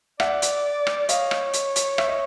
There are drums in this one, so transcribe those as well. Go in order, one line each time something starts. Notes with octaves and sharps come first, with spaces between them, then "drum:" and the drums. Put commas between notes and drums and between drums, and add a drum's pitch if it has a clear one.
D5 E5 F#5, drum: rim click
drum: hi-hat
drum: rim click
C#5 D#5 F5, drum: hi-hat
drum: rim click
drum: hi-hat
drum: hi-hat
E5, drum: rim click
D#5